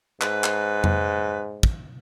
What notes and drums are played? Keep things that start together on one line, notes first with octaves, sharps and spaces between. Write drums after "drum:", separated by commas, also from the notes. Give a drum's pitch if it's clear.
G#2 B4, drum: clap
drum: clap
drum: tom F2
drum: kick